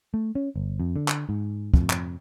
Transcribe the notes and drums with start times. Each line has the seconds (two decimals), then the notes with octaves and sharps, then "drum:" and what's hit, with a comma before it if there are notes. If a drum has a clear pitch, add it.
0.14 A3
0.35 C#4
0.56 G1
0.80 F2
0.96 D3
1.08 drum: clap
1.29 G#2
1.74 F2, drum: kick
1.90 drum: clap